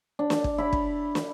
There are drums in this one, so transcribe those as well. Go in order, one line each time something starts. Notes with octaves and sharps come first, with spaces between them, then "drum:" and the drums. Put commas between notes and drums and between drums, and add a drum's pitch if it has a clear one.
D4
drum: snare
drum: kick
E4 B5
drum: kick
drum: snare